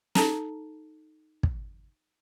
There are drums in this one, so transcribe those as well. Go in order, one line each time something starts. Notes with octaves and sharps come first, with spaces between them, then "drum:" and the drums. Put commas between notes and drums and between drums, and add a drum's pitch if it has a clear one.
D#4 A4 A5 A#5, drum: snare
drum: kick